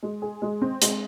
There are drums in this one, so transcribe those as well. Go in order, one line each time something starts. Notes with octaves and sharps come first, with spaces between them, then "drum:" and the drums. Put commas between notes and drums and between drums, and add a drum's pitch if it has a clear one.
G#3
G#4
G#3
C4
G#3, drum: hi-hat